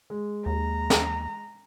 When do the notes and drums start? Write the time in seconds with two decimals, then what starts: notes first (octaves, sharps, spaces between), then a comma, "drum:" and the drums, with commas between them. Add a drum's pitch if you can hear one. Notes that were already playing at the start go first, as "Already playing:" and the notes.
0.10 G#3
0.46 D#2 A#5
0.90 drum: snare